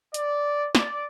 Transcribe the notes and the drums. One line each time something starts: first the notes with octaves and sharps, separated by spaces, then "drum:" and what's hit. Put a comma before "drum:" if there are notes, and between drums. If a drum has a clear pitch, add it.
D5, drum: hi-hat
D5, drum: snare